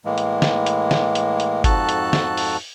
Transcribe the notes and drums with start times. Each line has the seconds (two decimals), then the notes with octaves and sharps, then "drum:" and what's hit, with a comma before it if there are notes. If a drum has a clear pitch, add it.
0.05 A2 E3 G#3 A#3
0.18 drum: hi-hat
0.42 drum: snare
0.66 drum: hi-hat
0.91 drum: snare
1.15 drum: hi-hat
1.40 drum: hi-hat
1.64 F2 G#2 F#4 A4 A5 F#6, drum: kick F#1, hi-hat
1.89 drum: hi-hat
2.13 drum: snare
2.37 drum: open hi-hat